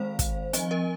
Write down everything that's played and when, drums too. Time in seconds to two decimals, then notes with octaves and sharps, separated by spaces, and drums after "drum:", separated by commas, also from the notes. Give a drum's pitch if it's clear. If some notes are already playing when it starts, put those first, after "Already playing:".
Already playing: D#3 G#3 C4 C5 F5
0.19 drum: kick, hi-hat
0.53 F3 C4 D#5 G#5, drum: hi-hat
0.71 A#4 D#5